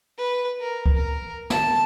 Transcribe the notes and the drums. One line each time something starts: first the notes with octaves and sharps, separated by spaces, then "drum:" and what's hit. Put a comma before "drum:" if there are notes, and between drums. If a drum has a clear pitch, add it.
B4
A#4
drum: kick C#2
A#4
A5, drum: snare